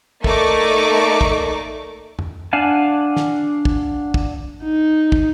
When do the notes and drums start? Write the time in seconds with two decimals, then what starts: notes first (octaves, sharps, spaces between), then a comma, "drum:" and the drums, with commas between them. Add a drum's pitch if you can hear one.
0.24 A3 A#3 D#4 D5 C#6 D6, drum: kick
1.21 drum: kick
2.19 drum: tom
2.53 D4 F5 F#5 G#5 A5
3.16 drum: snare
3.65 drum: kick
4.14 drum: kick
4.63 D#4
5.12 drum: kick